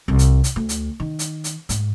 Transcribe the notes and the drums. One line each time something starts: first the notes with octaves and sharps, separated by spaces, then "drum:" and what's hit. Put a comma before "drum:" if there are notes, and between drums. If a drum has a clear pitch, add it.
C2
drum: hi-hat
drum: hi-hat
D2
drum: hi-hat
D#3
drum: hi-hat
drum: hi-hat
G#2, drum: hi-hat